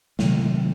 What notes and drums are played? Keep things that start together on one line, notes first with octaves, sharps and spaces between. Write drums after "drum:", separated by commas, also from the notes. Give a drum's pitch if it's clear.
C3 D#3 F#3 A3, drum: snare